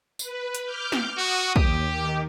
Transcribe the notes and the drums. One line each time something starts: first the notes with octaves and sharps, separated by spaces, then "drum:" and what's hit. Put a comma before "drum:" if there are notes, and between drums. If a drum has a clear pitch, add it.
B4, drum: tambourine
drum: hi-hat
D6 F6 G6
drum: snare
F#4 D#6
D#2 G4, drum: kick
D#3